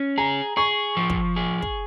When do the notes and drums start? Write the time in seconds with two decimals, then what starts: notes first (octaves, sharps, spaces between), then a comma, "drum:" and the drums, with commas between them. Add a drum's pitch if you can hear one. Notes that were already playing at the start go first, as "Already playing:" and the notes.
Already playing: C#4
0.18 G#4 A#5
0.57 G#4 C#6
0.97 F3
1.10 drum: kick
1.36 G#4
1.62 drum: kick